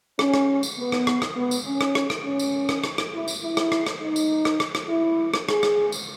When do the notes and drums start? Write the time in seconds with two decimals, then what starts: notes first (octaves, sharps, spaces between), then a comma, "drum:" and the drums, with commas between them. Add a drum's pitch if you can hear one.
0.19 C#4, drum: rim click
0.34 drum: rim click
0.63 drum: tambourine
0.78 B3
0.92 drum: rim click
1.07 drum: rim click
1.22 drum: rim click
1.36 B3
1.51 drum: tambourine
1.65 C#4
1.81 drum: rim click
1.95 drum: rim click
2.10 drum: rim click
2.25 C#4
2.39 drum: tambourine
2.69 drum: rim click
2.84 drum: rim click
2.98 drum: rim click
3.13 E4
3.28 drum: tambourine
3.42 E4
3.57 drum: rim click
3.72 drum: rim click
3.86 drum: rim click
4.01 D#4
4.16 drum: tambourine
4.45 drum: rim click
4.60 drum: rim click
4.75 drum: rim click
4.89 E4
5.34 drum: rim click
5.49 G#4, drum: rim click
5.63 drum: rim click
5.92 drum: tambourine